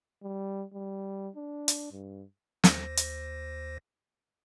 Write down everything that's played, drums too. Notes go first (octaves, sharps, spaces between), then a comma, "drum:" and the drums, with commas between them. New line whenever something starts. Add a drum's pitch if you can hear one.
G3
G3
D4
drum: hi-hat
G2
D#2 C5 A#6, drum: snare
drum: hi-hat